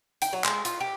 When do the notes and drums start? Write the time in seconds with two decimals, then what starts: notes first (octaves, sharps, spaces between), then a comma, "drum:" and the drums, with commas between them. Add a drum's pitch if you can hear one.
0.22 G5, drum: hi-hat
0.33 F#3
0.44 G#3, drum: clap
0.65 F4, drum: hi-hat
0.80 G4